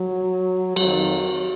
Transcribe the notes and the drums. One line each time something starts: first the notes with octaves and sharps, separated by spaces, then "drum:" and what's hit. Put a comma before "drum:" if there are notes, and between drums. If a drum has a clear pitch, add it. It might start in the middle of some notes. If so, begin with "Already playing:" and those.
Already playing: F#3
F2 D#3 F#3, drum: cymbal